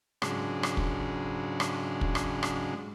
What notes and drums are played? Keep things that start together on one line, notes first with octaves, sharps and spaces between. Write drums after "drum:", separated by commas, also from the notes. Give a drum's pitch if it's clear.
G#2 C#3 F#3 G#3 D4, drum: rim click
drum: rim click
drum: kick
drum: rim click
drum: kick
drum: rim click
drum: rim click